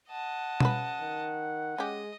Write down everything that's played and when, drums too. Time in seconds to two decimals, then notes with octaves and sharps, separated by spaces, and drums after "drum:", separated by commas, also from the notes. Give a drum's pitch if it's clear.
0.10 D#5 F#5 A5
0.60 C#3 F#3 B4, drum: tom B2
1.01 D#3
1.78 G#3 C#4 G4 D#5